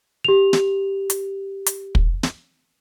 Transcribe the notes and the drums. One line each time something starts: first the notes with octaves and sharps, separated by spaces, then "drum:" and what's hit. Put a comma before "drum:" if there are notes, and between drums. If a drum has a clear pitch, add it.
G4 F7
drum: snare
drum: hi-hat
drum: hi-hat
drum: kick
drum: snare